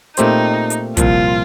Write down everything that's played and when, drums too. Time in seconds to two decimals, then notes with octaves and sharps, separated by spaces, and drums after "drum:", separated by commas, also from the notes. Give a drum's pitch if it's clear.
0.17 A#2 A3 C4 D#4 G4 C5, drum: hi-hat
0.70 drum: hi-hat
0.97 C2 A#2 F3 F4, drum: kick, hi-hat